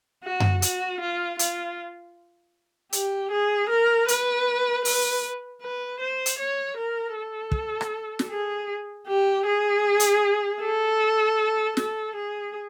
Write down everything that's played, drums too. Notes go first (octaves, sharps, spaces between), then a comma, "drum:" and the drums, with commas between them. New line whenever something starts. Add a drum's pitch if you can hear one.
F#4
drum: tom F#2
F#4, drum: hi-hat
F4
F4, drum: hi-hat
G4, drum: hi-hat
G#4
A#4
B4, drum: hi-hat
B4, drum: open hi-hat
B4
C5
drum: hi-hat
C#5
A#4
A4
drum: kick
drum: rim click
drum: snare
G#4
G4
G#4
drum: hi-hat
A4
A4, drum: snare
G#4